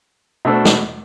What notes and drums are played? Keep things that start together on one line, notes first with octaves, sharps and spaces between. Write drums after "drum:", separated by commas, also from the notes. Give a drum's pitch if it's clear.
B2 A3 D4 A4 C5
drum: snare